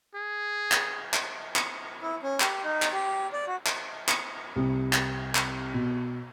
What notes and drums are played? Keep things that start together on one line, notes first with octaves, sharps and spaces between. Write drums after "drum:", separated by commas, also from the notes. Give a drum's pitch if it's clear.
G#4
drum: clap
drum: clap
drum: clap
E4
C#4
G4, drum: clap
D#4
drum: clap
G4
D5
F#4
drum: clap
drum: clap
C2
drum: clap
drum: clap
B2